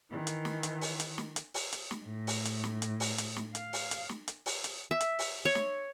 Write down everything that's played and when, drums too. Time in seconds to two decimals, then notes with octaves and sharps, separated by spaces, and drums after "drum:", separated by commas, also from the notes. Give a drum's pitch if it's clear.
0.10 D#3 E3
0.27 drum: hi-hat
0.45 drum: snare
0.63 drum: hi-hat
0.81 drum: open hi-hat
1.00 drum: hi-hat
1.18 drum: snare
1.36 drum: hi-hat
1.54 drum: open hi-hat
1.73 drum: hi-hat
1.91 drum: snare
2.05 A2
2.27 drum: open hi-hat
2.45 drum: hi-hat
2.64 drum: snare
2.82 drum: hi-hat
3.00 drum: open hi-hat
3.18 drum: hi-hat
3.37 drum: snare
3.55 F5, drum: hi-hat
3.73 drum: open hi-hat
3.91 drum: hi-hat
4.09 drum: snare
4.28 drum: hi-hat
4.46 drum: open hi-hat
4.64 drum: hi-hat
4.91 E5
5.00 drum: hi-hat
5.19 drum: open hi-hat
5.45 C#5
5.55 drum: snare